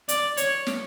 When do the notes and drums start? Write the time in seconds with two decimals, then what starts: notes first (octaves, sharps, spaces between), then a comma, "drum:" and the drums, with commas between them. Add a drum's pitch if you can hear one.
0.09 D5, drum: hi-hat
0.37 C#5, drum: hi-hat
0.66 drum: snare